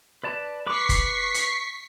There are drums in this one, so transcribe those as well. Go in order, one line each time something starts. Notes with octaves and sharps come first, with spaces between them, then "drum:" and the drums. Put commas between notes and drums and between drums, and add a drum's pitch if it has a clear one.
B4 D5 A5
B4 B5 C#6 D6 B6 C7
drum: kick F#1, hi-hat
drum: hi-hat